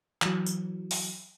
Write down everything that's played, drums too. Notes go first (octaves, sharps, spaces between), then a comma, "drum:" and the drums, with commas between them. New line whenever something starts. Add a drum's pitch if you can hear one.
E3 F#3, drum: clap
drum: tambourine
drum: open hi-hat